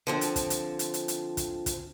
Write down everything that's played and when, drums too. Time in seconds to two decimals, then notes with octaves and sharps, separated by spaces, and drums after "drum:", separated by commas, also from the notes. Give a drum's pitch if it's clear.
0.07 D3 F3 C4
0.21 drum: hi-hat
0.36 drum: kick, hi-hat
0.50 drum: hi-hat
0.79 drum: hi-hat
0.94 drum: hi-hat
1.08 drum: hi-hat
1.37 drum: kick, hi-hat
1.66 drum: kick, hi-hat